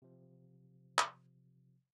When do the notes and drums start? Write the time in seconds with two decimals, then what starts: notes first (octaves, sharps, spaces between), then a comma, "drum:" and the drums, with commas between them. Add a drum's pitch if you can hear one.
0.02 C3 F3
0.98 drum: clap